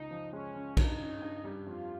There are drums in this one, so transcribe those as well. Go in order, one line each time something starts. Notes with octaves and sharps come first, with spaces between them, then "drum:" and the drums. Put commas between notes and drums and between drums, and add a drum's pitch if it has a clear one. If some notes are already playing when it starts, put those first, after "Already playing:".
Already playing: C#2 D#4
F3
G#3 C#4
C#3
G2 D#4, drum: kick, cymbal
C#4
G2
G3
F2 F4